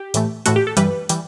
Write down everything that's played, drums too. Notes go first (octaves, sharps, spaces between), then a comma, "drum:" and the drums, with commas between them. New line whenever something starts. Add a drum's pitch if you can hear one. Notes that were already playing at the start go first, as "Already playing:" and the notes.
Already playing: G4
A2 E3 A3, drum: hi-hat
A2 E3 A3 F#4, drum: hi-hat
G4
A4
G2 E3 G3 B4, drum: hi-hat
E3 G3, drum: hi-hat